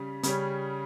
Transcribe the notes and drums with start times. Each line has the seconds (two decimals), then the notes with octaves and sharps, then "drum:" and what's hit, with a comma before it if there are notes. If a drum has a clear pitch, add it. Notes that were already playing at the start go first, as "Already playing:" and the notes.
Already playing: C#3 G3
0.23 C#3 G3 C#4, drum: hi-hat